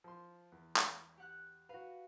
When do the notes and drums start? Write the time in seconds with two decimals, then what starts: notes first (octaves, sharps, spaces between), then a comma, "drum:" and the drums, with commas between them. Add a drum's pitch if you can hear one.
0.04 F3 C6
0.52 E2
0.77 drum: clap
1.17 G4 F#5 F#6
1.69 F#4 B4 F5